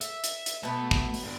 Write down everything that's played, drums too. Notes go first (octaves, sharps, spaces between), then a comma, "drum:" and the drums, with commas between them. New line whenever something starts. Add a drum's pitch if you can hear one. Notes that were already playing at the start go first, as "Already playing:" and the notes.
E5, drum: hi-hat
drum: hi-hat
drum: hi-hat
B2 A3 B3 A5
drum: kick
drum: open hi-hat
G2 D3